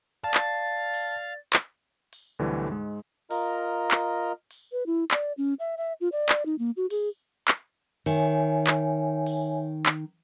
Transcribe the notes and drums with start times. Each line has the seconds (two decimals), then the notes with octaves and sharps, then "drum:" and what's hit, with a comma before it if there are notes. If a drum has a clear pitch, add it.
0.24 D5 F5 A5
0.34 drum: clap
0.94 drum: open hi-hat
1.53 drum: clap
2.13 drum: open hi-hat
2.39 D2 B2 D3 E3 F#3 G3
2.69 G#2 G#3
3.31 F4 A#4 D#5 A#5 F6, drum: open hi-hat
3.91 drum: clap
4.51 drum: open hi-hat
4.72 B4
4.86 E4
5.11 D5, drum: clap
5.38 C#4
5.60 E5
5.77 E5
6.01 F4
6.12 D5
6.29 drum: clap
6.46 D#4
6.59 A#3
6.77 F#4
6.90 G#4, drum: open hi-hat
7.48 drum: clap
8.06 D#3 C#5 E5 G#5, drum: open hi-hat
8.67 drum: clap
9.27 drum: open hi-hat
9.86 drum: clap